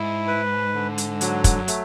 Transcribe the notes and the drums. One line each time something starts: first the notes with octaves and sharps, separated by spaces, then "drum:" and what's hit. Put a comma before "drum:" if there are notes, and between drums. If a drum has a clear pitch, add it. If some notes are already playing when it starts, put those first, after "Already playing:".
Already playing: G#2 E4
B4
D3
drum: hi-hat
F#3, drum: hi-hat
drum: kick, hi-hat
F#2
A3, drum: hi-hat